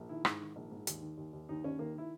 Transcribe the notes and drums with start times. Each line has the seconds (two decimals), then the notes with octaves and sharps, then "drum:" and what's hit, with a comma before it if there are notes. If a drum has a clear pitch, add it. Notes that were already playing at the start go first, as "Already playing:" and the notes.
Already playing: A#1
0.09 D#3 E4
0.25 G#2, drum: rim click
0.41 D#3
0.56 A#1
0.71 G#2
0.87 D#2, drum: hi-hat
1.01 D#3
1.17 D#2
1.33 D#2
1.49 D#2 D#4
1.64 D#2 C#4
1.79 D#3 A#3
1.95 D#3 E4